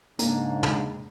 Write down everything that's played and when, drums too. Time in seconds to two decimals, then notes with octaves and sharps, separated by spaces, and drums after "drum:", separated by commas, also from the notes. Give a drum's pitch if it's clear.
0.19 G#2 C#3 A#3 D4, drum: hi-hat
0.63 drum: tom